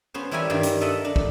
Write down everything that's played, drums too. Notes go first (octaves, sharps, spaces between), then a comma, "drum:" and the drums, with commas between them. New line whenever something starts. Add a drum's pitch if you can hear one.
B3 C#4 C5
E3 G3 A#4 C#5 E5 G#5
G2 D#3 F5 G5
drum: hi-hat
A4 A#4 D#5 E5 F#5
D4
drum: kick